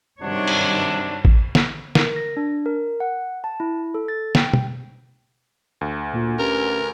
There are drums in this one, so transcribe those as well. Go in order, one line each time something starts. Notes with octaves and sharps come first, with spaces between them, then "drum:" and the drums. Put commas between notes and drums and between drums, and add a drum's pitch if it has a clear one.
G2 C3 D#3 F#3 D4 C#5
drum: cymbal
drum: kick
drum: snare
A#4, drum: snare
A#6
D4
A#4
F#5
A5
E4
A4
A6
G5, drum: snare
drum: tom B2
D2
A#2 A#3 F4
C#4 G4 A#4 B4